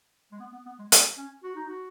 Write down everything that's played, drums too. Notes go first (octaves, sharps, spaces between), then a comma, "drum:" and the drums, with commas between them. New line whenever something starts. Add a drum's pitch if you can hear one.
G#3
B3
B3
B3
G#3
B3, drum: hi-hat
C#4
F#4
D#4
F#4